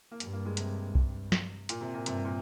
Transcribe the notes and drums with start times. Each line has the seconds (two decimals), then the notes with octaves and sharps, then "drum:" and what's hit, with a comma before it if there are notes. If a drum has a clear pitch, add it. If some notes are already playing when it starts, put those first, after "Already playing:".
0.11 A#3
0.20 G2, drum: hi-hat
0.33 A#3
0.45 G#3
0.57 C3, drum: hi-hat
0.95 G2, drum: kick B1
1.32 drum: snare
1.69 A#2, drum: hi-hat
1.81 C3
1.95 A#2
2.06 G2 C3, drum: hi-hat
2.25 A#2